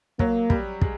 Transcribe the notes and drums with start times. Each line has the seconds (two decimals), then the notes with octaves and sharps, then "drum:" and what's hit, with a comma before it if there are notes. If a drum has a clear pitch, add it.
0.19 F#3 A#3, drum: kick
0.50 G3, drum: kick
0.81 G#3, drum: kick